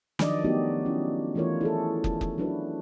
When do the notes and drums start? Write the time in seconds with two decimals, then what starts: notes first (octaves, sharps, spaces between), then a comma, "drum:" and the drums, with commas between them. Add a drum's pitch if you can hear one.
0.19 D#3 F3 F#3 D4 D5 D#5, drum: snare
0.44 F#3 A3 B3 D#4 F#4 G4
0.85 C#4 E4
1.35 E3 A3 F4 A#4 C#5
1.61 E4 G#4 A4
2.04 drum: kick
2.21 drum: kick
2.38 F#3 D4 E4 F#4 B4